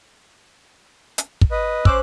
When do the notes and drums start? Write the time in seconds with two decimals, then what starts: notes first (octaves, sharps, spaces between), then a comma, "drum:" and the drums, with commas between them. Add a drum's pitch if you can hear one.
1.18 drum: hi-hat
1.41 drum: kick
1.51 B4 D#5
1.85 C#4 C5 D6 E6 F#6, drum: kick